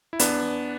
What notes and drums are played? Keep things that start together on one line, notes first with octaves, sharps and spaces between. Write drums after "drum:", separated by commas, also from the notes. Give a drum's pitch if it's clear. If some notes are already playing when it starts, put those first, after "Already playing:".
E4
E2 B3 D4, drum: hi-hat
E2